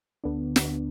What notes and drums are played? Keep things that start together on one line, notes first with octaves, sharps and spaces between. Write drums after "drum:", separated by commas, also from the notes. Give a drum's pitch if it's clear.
D2 D3 B3 D4
drum: snare